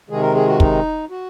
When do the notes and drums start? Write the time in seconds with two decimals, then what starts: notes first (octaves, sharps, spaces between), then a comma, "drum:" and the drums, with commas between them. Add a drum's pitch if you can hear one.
0.09 C3 D#3 G#3 G#4
0.22 A#4
0.35 G#4
0.47 F#4
0.60 D#4, drum: kick
1.10 F#4